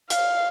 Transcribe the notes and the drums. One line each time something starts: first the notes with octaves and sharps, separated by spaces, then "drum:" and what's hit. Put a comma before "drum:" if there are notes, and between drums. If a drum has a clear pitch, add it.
F5, drum: hi-hat